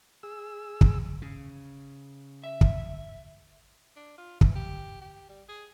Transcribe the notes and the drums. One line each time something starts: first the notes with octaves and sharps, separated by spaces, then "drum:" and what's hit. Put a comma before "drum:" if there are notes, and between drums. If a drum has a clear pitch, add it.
G#4 E6
drum: kick
C#3
E5
drum: kick
D4
F4
E3, drum: kick
G4
G4
G3
G#4